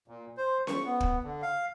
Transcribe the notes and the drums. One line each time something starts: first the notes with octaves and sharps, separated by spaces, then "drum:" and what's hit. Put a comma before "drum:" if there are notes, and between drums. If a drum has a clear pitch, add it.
A#2
C5
C#6, drum: snare C#4
B3
drum: kick
D3
F5